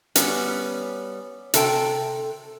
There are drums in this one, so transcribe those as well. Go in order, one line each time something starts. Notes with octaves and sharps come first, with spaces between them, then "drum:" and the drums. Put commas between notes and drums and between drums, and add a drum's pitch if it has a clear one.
G3 B3 C#4, drum: hi-hat
C3 A4 G5, drum: hi-hat